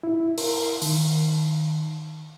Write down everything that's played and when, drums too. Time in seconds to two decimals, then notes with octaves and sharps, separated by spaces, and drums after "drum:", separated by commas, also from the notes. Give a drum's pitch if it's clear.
0.03 E4
0.38 A#4, drum: open hi-hat
0.82 D#3, drum: open hi-hat